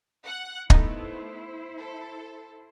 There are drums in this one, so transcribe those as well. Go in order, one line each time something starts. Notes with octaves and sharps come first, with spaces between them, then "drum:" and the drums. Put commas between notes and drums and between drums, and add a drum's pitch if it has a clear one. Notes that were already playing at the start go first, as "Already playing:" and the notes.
F#5 F#6
A3 B3 D#4 E4 C5, drum: kick
A4